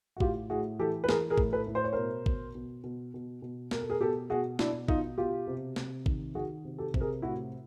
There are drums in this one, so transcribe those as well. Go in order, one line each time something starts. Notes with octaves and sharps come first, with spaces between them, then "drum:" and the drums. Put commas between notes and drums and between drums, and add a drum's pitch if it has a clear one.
F#4
A2 F4 G4, drum: kick A1
A2 F#4 G#4
E3 G4 A4
B4
E3 G#4 A#4, drum: snare
G#4 A#4
A2, drum: kick A1
A4 B4
A2
C5
C#5
B2 A#4 C5
B2, drum: kick A1
B2
B2
B2
B2
B2 A#4, drum: snare
A4
G#4 A#4
B2 G4 A4
B2 F#4 G#4
B2 D4 E4, drum: snare
B2 D#4 F4, drum: kick A1
B2 F4 G4
C3
C3, drum: snare
D#3, drum: kick A1
D#3 F#4 G#4
C3
G4 A4
C3, drum: kick A1
G#4 A#4
A2 E4 F#4